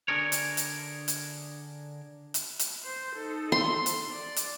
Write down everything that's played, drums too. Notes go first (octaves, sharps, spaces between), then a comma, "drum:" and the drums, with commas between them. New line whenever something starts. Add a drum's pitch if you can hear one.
D3 D4 G#4 A#4 C#5
drum: hi-hat
drum: hi-hat
drum: hi-hat
drum: hi-hat
drum: hi-hat
C5
D#4 A4
C6
drum: hi-hat
D5
drum: hi-hat